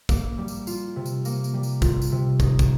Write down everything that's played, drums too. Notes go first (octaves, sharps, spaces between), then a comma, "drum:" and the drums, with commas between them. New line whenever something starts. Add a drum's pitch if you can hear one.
A#3, drum: kick, tambourine
G3
drum: tambourine
F4, drum: tambourine
C3
drum: tambourine
A#3, drum: tambourine
drum: tambourine
G3
drum: tambourine
F4, drum: kick, tambourine
drum: tambourine
C3
D#4, drum: kick, tambourine
drum: kick, tambourine